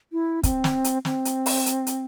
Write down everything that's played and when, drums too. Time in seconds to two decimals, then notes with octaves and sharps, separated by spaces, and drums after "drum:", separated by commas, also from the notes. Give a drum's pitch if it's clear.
0.12 E4
0.43 C4, drum: kick, hi-hat
0.64 drum: snare
0.84 drum: hi-hat
1.05 C4, drum: snare
1.25 drum: hi-hat
1.46 drum: open hi-hat
1.66 drum: hi-hat
1.87 drum: hi-hat